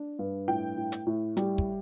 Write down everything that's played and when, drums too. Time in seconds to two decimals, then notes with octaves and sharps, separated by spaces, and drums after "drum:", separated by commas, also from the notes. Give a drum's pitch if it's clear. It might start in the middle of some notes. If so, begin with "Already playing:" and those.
Already playing: D4
0.19 G2
0.47 A2 G5
0.77 A2
0.92 drum: hi-hat
1.07 A2
1.37 G3, drum: hi-hat
1.58 drum: kick